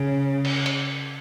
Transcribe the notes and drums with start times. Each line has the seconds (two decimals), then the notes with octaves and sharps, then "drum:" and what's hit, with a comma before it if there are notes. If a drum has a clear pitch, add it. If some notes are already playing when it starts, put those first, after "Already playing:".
Already playing: C#3
0.45 drum: cymbal
0.66 drum: hi-hat